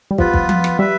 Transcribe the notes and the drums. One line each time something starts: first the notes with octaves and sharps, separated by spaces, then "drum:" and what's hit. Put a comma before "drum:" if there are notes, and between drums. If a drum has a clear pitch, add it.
G3
F3 B3 F4 B4, drum: kick
drum: kick
drum: tom F3
drum: rim click
G3 B4 E5